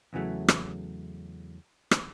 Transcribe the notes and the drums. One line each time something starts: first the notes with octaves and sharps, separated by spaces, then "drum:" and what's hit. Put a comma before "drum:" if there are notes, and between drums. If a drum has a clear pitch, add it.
E2 C#3 E3 F#3 A3
drum: rim click
drum: rim click